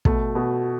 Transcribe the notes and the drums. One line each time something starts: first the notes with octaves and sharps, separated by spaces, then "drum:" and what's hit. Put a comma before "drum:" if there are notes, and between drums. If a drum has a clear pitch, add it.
B2 A3, drum: kick
B2